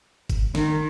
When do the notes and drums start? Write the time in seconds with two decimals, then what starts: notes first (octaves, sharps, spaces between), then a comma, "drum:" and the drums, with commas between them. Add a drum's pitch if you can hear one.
0.30 drum: kick G1, hi-hat
0.55 D#3, drum: snare